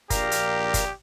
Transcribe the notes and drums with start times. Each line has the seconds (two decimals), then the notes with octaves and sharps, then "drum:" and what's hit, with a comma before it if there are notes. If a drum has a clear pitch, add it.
0.10 A#1 G4 A#4 D5 F5 A#5, drum: kick F#1, hi-hat
0.31 drum: hi-hat
0.74 drum: kick F#1, hi-hat